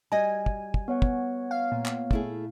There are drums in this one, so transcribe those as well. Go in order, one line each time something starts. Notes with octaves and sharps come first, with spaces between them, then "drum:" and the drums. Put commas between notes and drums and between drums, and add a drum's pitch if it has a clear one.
G3 F#4 D#5 G#5
drum: kick
drum: kick
B3 C#5 F#5
drum: kick
F5
A#2
drum: clap
A3 E4 G#4, drum: kick